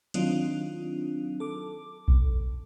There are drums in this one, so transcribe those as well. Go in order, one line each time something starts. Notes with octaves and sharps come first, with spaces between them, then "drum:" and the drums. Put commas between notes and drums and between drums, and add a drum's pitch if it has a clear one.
D#3 F#3 C4 D4 D#4 F4, drum: hi-hat
A4 D6
drum: kick A#1